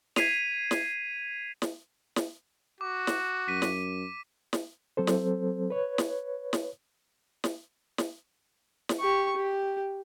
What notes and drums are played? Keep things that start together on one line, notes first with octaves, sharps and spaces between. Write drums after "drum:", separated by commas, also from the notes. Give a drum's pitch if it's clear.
G#6 B6 C7 D#7 F7, drum: snare
drum: snare
drum: snare
drum: snare
F#4 D6
drum: snare
F#2 B6 D#7
drum: snare
drum: snare
F#3 C4 A4 C5
drum: snare
B4 C#5
drum: snare
drum: snare
drum: snare
drum: snare
drum: snare
G4 C#6
G4